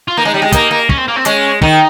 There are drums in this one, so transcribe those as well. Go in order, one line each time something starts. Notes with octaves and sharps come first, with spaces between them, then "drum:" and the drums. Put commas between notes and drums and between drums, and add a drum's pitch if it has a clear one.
F4
A#3 D#4
G#3
G3
G#3
A#3 D#4, drum: kick, hi-hat
A#3
C#4, drum: kick
C4
A#3
C4
G#3 C#4, drum: hi-hat
D#3 D#4, drum: kick